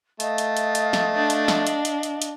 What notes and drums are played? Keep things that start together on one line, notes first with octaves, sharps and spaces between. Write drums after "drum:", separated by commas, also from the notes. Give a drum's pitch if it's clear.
A3 D#5 F5, drum: hi-hat
drum: hi-hat
drum: hi-hat
drum: hi-hat
drum: snare
D4
drum: hi-hat
drum: snare
drum: hi-hat
drum: hi-hat
drum: hi-hat
drum: hi-hat